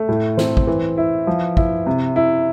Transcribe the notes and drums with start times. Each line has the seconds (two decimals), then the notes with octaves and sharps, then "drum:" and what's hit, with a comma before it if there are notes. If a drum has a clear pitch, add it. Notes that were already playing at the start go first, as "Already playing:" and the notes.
Already playing: A3
0.09 A2
0.37 C4, drum: snare
0.57 drum: kick
0.67 E3
0.97 E4
1.27 F3
1.57 E4, drum: kick
1.86 C3
2.16 E4